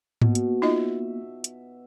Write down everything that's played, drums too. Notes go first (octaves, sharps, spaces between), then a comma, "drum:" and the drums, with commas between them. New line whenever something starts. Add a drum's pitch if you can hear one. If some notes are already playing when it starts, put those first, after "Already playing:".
B2 A#3 B3, drum: tom G#2
drum: hi-hat
D#4 F4 D#5 E5
drum: hi-hat